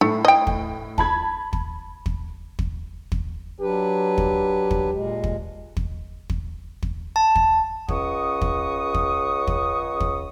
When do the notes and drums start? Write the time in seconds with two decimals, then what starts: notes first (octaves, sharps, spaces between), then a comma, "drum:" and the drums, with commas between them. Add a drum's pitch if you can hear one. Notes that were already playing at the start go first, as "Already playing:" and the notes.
0.01 A2 A3
0.25 D#5 G5
0.47 drum: kick
0.98 A5 B5 G#6, drum: kick
1.53 drum: kick
2.06 drum: kick
2.59 drum: kick
3.12 drum: kick
3.60 F#3 D4 G4 B4
4.18 drum: kick
4.71 drum: kick
4.93 A#2 G#3
5.24 drum: kick
5.77 drum: kick
6.30 drum: kick
6.83 drum: kick
7.16 A5
7.36 drum: kick
7.89 C#2 C#3 D#5 F#5 C#6 D#6, drum: kick
8.42 drum: kick
8.95 drum: kick
9.48 drum: kick
10.01 drum: kick